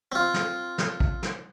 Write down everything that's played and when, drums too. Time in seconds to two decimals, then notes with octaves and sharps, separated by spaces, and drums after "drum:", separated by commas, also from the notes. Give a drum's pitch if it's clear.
0.12 C4 F4
0.34 drum: snare
0.78 drum: snare
1.00 drum: kick
1.23 drum: snare